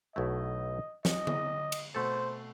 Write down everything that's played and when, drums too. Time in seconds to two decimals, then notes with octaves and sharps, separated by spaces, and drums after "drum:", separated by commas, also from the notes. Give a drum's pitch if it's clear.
0.15 B1 B2 A3 E4 D#5
1.05 D#5, drum: snare
1.27 drum: tom D3
1.72 drum: cymbal
1.95 B2 A3 C4 F#4 A4 C5